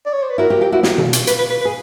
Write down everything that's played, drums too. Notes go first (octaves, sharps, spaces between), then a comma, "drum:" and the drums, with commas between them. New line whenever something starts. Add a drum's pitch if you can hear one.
D5
C#5
C5
B4
E4 F#4 A#4
F4 G4
F4 G4
E4 F#4
F4 G4, drum: snare
drum: tom B2
drum: hi-hat
B4, drum: hi-hat
B4
B4
B4
G#4